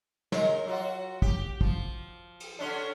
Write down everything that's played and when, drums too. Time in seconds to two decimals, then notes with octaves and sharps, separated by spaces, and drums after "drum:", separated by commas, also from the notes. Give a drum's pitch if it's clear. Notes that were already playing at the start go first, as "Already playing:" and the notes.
0.32 G#3 A#4 C#5, drum: snare
0.67 F#3 F4 F#4
1.22 G4, drum: kick
1.61 F3, drum: kick
2.40 drum: cymbal
2.59 D3 C#4 D4